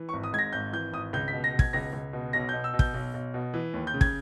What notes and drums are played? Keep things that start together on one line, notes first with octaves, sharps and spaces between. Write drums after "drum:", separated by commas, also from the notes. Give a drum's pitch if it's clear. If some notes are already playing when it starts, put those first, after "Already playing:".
Already playing: E3
C#6
G#1
D#6
G#2 G#6
A#6
G#1 G6
E3 G6
G#1 D#6
C#2 G6
B6
B2
A#6
B2
G#6, drum: kick
C#2 A#6
C#2
B2
B1 A#6
G6
B2
E6
B2
G6, drum: kick
B1
B1
B2
E3
D#2
G6
C#3
G#6, drum: kick